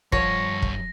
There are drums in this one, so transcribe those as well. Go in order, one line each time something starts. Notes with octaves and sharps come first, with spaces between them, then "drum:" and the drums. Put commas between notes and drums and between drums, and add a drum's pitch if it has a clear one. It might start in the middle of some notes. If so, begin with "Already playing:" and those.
G2 F3 C#5 F#5 A#6, drum: kick
drum: kick